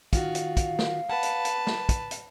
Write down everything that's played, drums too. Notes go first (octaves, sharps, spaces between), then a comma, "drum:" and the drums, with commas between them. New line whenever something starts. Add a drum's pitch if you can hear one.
D#3 F4 F#4 F5, drum: kick, hi-hat
drum: hi-hat
drum: kick, hi-hat
drum: snare
B4 F#5 A5
drum: hi-hat
drum: hi-hat
drum: snare
drum: kick, hi-hat
drum: hi-hat